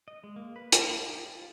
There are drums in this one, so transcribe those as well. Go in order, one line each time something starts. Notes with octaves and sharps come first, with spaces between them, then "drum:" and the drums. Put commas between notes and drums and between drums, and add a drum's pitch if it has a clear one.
D#5
G#3
A#3
B4
D#4, drum: hi-hat
F5
D#4
G4
F4